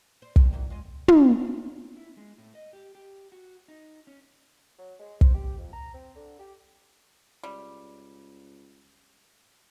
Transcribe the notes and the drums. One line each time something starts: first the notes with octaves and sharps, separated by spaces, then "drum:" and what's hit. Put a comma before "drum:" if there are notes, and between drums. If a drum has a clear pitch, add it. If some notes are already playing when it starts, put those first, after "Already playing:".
C5
D2 G#3 G4, drum: kick
D#3 E3 F#3
G#3 F4 D#5
drum: tom
E4
G#3
A2
D#5
G4
G4
F#4
D#4
C#4
F#3
G#3
C5, drum: kick
G4
F2
A#5
C4
D3
G4
C#2 G3